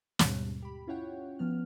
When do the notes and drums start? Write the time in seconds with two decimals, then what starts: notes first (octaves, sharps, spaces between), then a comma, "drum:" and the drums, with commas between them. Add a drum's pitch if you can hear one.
0.19 D#2 G#2 B2 G3, drum: snare
0.62 G4 B5
0.87 C#4 E4 F4 C#5 F#5 G5
1.39 F3 B3 F6